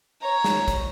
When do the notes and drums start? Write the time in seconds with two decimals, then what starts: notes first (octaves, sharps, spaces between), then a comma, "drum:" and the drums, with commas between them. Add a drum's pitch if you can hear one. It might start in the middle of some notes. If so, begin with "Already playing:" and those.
0.21 C#5 A#5
0.44 drum: snare
0.68 drum: kick, hi-hat